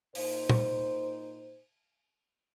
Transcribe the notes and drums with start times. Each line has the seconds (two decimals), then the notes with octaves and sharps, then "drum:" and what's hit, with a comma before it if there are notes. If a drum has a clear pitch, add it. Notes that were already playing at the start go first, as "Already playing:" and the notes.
0.15 A#2 D#4 C5, drum: open hi-hat
0.50 drum: tom